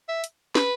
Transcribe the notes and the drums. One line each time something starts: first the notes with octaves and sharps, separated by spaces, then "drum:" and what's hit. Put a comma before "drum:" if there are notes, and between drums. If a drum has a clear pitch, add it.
E5
drum: hi-hat
B4, drum: snare